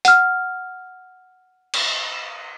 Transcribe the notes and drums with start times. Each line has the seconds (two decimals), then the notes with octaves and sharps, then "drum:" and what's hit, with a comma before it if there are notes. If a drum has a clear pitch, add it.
0.05 F#5 F6, drum: hi-hat
1.74 drum: cymbal